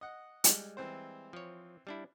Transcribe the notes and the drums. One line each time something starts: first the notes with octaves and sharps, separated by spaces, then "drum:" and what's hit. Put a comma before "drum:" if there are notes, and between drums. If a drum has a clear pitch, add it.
D#5 F#5
G3 G#3, drum: hi-hat
E3 C4 C5
F3 C#5
G3 D4 E4